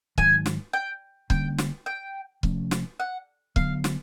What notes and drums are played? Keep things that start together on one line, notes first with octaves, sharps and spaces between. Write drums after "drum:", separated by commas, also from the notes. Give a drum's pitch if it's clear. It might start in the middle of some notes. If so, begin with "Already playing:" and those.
G#2 D#3 F#3 G#5, drum: kick C#1
drum: snare
G5
D3 G3 A#3 C#4 G5, drum: kick C#1
drum: snare
G5
C3 F3 A3 C#4, drum: kick C#1
drum: snare
F#5
D3 F#3 B3 F5, drum: kick C#1
drum: snare